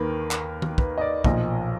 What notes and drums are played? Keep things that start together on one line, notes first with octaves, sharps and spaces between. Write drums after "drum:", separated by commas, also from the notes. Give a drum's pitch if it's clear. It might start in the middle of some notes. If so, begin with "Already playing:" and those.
Already playing: D#2 D#3 A#3 A#4 B4
drum: clap
drum: tom
B4, drum: kick
D#5
D5
B1 A#2 F3 D#5, drum: kick